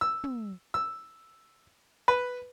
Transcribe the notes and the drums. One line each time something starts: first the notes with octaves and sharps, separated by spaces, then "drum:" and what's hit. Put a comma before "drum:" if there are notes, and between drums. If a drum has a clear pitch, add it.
E6
drum: tom
E6
B4